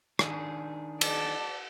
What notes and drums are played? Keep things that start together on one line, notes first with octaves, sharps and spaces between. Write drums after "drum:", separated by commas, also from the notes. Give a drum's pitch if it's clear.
D#3 D4 G#4, drum: rim click
D5 A5, drum: cymbal